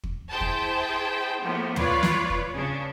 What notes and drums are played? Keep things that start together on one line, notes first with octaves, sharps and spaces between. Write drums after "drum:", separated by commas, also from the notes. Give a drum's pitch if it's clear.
drum: kick
E4 G#4 C5 G5 A5
drum: kick
A2 F3 A#3 B3
F4 B4 C#5 D5, drum: tom
drum: snare
drum: kick
C#3 D4